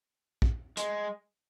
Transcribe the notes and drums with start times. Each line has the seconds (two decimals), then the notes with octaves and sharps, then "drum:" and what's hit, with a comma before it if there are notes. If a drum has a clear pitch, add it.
0.42 drum: kick
0.77 G#3, drum: hi-hat